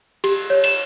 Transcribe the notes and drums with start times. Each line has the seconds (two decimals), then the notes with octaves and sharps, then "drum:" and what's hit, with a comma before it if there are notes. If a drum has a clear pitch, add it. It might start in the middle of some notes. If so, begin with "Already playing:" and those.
0.24 G4, drum: cymbal
0.50 C#5
0.64 E7, drum: cymbal